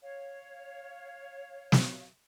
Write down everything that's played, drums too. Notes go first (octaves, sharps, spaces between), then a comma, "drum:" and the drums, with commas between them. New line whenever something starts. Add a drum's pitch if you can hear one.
C#5 F5
drum: snare